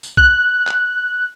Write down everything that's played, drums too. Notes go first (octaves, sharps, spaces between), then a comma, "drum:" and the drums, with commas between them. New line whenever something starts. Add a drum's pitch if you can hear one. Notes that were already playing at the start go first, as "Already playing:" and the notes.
drum: tambourine
F#6, drum: kick B1
drum: clap